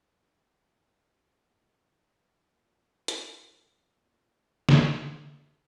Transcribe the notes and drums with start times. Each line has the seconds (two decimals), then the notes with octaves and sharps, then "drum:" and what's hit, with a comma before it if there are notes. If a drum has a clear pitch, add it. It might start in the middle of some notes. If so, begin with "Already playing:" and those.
0.11 A#2
0.46 C3
0.79 D#3
1.14 C3
1.47 A#2
2.15 G2
2.49 A#2
3.08 drum: hi-hat
3.51 G2
3.86 A#2
4.69 drum: snare